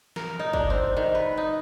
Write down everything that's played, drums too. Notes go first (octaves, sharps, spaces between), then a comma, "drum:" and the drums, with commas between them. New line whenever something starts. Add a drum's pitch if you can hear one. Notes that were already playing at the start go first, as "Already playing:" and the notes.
A#4, drum: snare
D#4
D4, drum: kick
C4
D#3
B4
D#4